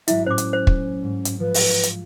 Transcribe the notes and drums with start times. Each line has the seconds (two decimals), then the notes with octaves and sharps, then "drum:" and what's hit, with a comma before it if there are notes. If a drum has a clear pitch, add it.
0.08 G#1 F#3 D4 E4 E5, drum: hi-hat
0.26 A2 C#4 C5 D6
0.38 drum: hi-hat
0.53 C5
0.67 drum: kick
1.03 G#2
1.25 drum: hi-hat
1.40 F3 B4
1.54 drum: open hi-hat
1.83 drum: hi-hat